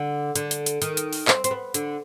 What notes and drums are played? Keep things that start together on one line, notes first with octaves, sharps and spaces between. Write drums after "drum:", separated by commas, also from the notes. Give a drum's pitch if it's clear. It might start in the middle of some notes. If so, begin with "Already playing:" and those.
Already playing: D3
D3, drum: hi-hat
drum: hi-hat
drum: hi-hat
D#3, drum: hi-hat
drum: hi-hat
drum: open hi-hat
C4, drum: clap
C4, drum: hi-hat
B3
D3, drum: hi-hat